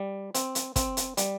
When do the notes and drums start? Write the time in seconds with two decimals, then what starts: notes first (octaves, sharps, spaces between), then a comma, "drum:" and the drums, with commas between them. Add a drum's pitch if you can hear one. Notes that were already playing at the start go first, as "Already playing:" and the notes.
Already playing: G3
0.35 C4, drum: hi-hat
0.55 drum: hi-hat
0.76 C4, drum: kick, hi-hat
0.97 drum: hi-hat
1.17 G3, drum: hi-hat